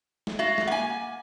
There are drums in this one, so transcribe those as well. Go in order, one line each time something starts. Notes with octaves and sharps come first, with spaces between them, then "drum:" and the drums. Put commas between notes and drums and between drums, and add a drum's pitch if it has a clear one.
drum: snare
F#4 E5 F5
drum: snare
A#3 F#5 G#5